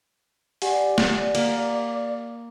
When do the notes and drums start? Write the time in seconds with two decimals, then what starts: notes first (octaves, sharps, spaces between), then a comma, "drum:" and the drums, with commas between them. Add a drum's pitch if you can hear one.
0.62 G4 D5 F#5 G#5, drum: open hi-hat
0.98 drum: snare
1.35 A#3, drum: cymbal